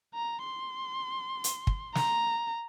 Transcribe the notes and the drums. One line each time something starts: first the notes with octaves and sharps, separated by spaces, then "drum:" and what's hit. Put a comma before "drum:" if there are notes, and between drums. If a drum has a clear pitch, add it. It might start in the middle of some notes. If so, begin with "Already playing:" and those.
A#5
C6
drum: hi-hat
drum: kick
A#5, drum: snare